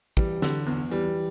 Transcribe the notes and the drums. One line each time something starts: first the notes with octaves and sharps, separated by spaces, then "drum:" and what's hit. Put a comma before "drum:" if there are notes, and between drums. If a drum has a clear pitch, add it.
E3 G3, drum: kick
D3, drum: snare
E2
E3 G3